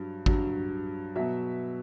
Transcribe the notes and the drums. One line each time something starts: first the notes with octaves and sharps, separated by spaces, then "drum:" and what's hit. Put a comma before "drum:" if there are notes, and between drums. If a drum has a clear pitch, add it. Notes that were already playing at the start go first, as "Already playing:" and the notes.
Already playing: G2 F#3
G2 F#3, drum: kick G#1
B2 F#3 E5